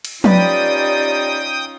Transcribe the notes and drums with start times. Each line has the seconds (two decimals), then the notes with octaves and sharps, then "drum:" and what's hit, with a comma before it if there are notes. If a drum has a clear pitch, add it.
0.05 drum: cymbal
0.24 C#4 D#4 F4 G4 B4 D5 G5 D#6, drum: tom F3